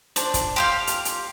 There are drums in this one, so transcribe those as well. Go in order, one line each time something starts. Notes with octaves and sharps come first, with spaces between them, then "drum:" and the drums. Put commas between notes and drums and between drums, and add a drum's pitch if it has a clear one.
D4 C5, drum: hi-hat
drum: kick, hi-hat
G4 F5 C6 F6 G6 C7
drum: hi-hat
drum: hi-hat